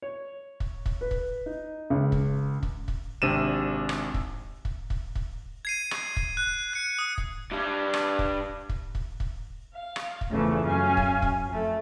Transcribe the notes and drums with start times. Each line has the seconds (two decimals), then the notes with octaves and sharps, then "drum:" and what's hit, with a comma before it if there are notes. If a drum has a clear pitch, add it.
0.02 C#5
0.60 drum: kick
0.86 drum: kick
1.01 B4
1.11 drum: kick
1.46 D#4
1.90 C#2
2.12 drum: kick
2.63 drum: kick
2.88 drum: kick
3.22 G#1 C3 D4 D#7 E7
3.89 drum: rim click
4.14 drum: kick
4.65 drum: kick
4.90 drum: kick
5.15 drum: kick
5.65 G#6 C7 D#7
5.91 drum: rim click
6.17 drum: kick
6.37 F#6
6.73 F#6 C#7
6.99 D#6
7.18 drum: kick
7.51 G2 G3
7.94 drum: rim click
8.19 drum: kick
8.69 drum: kick
8.95 drum: kick
9.20 drum: kick
9.75 F5
9.96 drum: rim click
10.21 drum: kick
10.30 E2 C#3 E3 F3 A3
10.65 F#2 C#4 F5 G#5
10.97 drum: kick
11.22 drum: kick
11.48 F2 A3